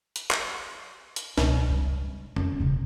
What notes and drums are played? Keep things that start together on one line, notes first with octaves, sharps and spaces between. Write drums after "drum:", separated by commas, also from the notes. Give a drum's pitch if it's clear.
drum: hi-hat
drum: clap
drum: hi-hat
C#2 B2, drum: snare
G3 G#3
C#4, drum: tom F2
E1 C#3